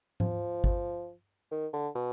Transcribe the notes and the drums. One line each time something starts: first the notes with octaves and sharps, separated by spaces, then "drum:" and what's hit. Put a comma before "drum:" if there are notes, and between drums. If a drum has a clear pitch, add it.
F3, drum: tom G#2
drum: kick
D#3
D3
B2